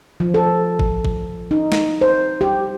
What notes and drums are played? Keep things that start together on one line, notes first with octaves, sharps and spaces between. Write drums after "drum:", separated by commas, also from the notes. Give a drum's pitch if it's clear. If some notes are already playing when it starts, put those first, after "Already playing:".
F3
A4
drum: kick
drum: kick
D#4
drum: snare
C5
G4